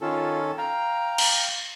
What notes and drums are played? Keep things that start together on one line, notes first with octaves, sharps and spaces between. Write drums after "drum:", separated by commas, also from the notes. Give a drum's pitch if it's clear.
D#3 C#4 F4 A4
F5 G5 A#5
drum: cymbal